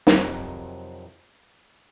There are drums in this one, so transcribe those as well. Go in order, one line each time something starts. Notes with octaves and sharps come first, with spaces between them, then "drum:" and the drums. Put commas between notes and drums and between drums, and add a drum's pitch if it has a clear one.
F2 C3 D#3 F#3, drum: snare